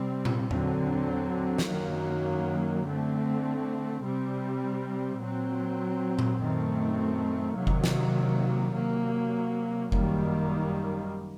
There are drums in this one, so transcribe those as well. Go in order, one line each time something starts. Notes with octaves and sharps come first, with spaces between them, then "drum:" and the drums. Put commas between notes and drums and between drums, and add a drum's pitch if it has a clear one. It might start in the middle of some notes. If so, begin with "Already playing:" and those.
Already playing: C3 G3 C4
drum: tom A#2
D3 F#3 C4, drum: tom E2
drum: snare
F#2 D#3 F#3 A#3
D3 A3 C4
C3 G3 C4
A#2 F#3 C4
drum: tom A#2
F#2 D#3 A3 C4
C3 D#3 F#3 A#3
drum: kick F#1
drum: snare
C3 F#3 A#3
F#2 D#3 G3 A#3, drum: kick F#1